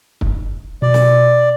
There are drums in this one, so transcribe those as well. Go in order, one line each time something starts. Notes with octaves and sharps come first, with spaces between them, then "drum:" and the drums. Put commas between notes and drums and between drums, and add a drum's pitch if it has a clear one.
drum: kick
B2 D5
drum: snare